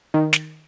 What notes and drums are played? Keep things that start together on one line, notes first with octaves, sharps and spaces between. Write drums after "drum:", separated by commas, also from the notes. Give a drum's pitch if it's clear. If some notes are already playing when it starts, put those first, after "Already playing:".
D#3
drum: snare